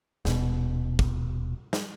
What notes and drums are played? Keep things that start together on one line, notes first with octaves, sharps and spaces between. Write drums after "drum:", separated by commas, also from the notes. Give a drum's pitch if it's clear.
D#1 B2, drum: snare
drum: kick
drum: snare